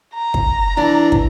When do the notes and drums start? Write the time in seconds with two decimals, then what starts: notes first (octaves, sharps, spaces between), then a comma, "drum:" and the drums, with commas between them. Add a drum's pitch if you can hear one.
0.15 A#5
0.34 drum: kick
0.77 E3 D4
1.12 drum: kick